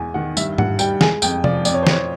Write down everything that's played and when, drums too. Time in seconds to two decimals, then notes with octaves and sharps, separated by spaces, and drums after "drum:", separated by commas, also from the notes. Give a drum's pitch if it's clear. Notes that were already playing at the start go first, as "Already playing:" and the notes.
Already playing: E2 B2 G#3 G#5
0.14 D#3 F#5
0.37 G2 E5, drum: tambourine
0.58 G2 F#5, drum: tom G#2
0.79 G3 G5, drum: tambourine
1.01 G#3 G#5, drum: snare
1.22 F2 G5, drum: tambourine
1.44 F3 D5, drum: tom C3
1.65 F2 D5, drum: tambourine
1.74 C#5
1.82 C5
1.87 F2 C#5, drum: snare